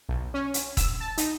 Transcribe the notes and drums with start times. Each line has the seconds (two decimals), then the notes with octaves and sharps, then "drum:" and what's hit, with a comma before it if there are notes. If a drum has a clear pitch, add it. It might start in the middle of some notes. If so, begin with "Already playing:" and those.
0.09 B1
0.34 C#4
0.54 drum: hi-hat
0.77 E6, drum: kick E1, hi-hat
1.00 A5
1.18 D#4, drum: hi-hat